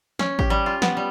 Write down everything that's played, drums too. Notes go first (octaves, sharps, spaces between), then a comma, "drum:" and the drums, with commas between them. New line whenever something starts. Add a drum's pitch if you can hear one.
C#4, drum: snare
G4, drum: kick
G3
F4
B3, drum: snare
G3